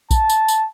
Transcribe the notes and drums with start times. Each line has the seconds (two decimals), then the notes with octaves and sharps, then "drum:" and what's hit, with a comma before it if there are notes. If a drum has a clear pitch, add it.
0.11 A5, drum: kick A#1, tambourine
0.30 drum: tambourine
0.48 drum: tambourine